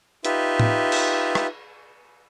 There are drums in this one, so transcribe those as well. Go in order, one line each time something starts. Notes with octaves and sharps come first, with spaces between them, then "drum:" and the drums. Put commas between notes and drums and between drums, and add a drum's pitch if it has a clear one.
D#4 F4 G4 B4 E5, drum: hi-hat
drum: tom A2
drum: cymbal
drum: rim click